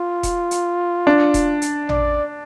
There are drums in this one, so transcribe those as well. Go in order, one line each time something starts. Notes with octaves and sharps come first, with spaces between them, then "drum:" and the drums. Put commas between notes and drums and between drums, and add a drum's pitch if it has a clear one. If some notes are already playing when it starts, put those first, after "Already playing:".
Already playing: F4
drum: kick E1, hi-hat
drum: hi-hat
D4
drum: kick E1, hi-hat
drum: hi-hat
D5, drum: tom